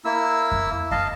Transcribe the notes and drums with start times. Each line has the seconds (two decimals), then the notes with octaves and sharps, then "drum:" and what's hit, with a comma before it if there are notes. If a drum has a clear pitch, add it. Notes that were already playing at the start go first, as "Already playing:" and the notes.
0.05 A#3 E4 E6
0.52 drum: kick F2
0.91 D#5 F5 A5, drum: kick F2